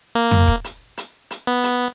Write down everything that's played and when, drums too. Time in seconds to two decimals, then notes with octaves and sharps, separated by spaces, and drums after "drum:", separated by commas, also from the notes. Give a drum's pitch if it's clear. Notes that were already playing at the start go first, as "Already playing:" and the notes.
0.15 A#3
0.31 drum: tom
0.48 drum: kick E1
0.64 drum: hi-hat
0.97 drum: hi-hat
1.31 drum: hi-hat
1.47 B3
1.64 drum: hi-hat